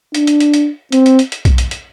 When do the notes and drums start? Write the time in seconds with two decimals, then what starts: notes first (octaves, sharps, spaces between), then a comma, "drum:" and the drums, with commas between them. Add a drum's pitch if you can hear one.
0.15 D4, drum: hi-hat
0.27 drum: hi-hat
0.40 drum: hi-hat
0.54 drum: hi-hat
0.92 C4, drum: hi-hat
1.06 drum: hi-hat
1.19 drum: hi-hat
1.32 drum: hi-hat
1.45 drum: kick B1, hi-hat
1.58 drum: hi-hat
1.71 drum: hi-hat